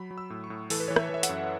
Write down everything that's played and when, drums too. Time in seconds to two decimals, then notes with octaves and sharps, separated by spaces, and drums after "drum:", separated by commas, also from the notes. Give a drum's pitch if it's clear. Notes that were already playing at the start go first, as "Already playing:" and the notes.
Already playing: F#3 B5
0.11 F#3
0.18 E6
0.30 A2
0.44 C#6
0.50 A2
0.70 E3 A4, drum: open hi-hat
0.80 B4
0.88 E3 C#5
0.96 E5, drum: rim click
1.09 E3 E5
1.23 F#5, drum: hi-hat
1.29 F#2